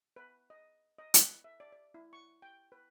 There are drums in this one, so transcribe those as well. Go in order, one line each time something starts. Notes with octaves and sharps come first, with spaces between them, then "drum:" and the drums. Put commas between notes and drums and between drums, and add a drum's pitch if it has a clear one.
B4
D#5
D#5
B4, drum: hi-hat
E5
D5
D5
E4
C#6
G5
B4